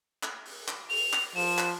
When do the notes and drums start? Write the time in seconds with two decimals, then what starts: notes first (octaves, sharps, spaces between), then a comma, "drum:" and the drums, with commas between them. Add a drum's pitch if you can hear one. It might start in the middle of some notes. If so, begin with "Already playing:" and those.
0.23 drum: clap
0.46 drum: open hi-hat
0.68 drum: clap
0.90 F7, drum: open hi-hat
1.13 drum: clap
1.36 F3 E7, drum: open hi-hat
1.58 drum: clap